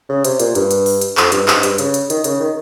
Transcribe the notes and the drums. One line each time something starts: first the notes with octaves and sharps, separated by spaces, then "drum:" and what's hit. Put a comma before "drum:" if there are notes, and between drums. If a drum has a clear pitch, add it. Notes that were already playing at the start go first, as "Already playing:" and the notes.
C#3
C3, drum: hi-hat
A#2, drum: hi-hat
G2, drum: hi-hat
drum: hi-hat
drum: open hi-hat
drum: hi-hat
F2, drum: clap
G2, drum: hi-hat
G#2, drum: clap
G2, drum: hi-hat
C#3, drum: hi-hat
drum: hi-hat
D#3, drum: hi-hat
C#3, drum: hi-hat
D#3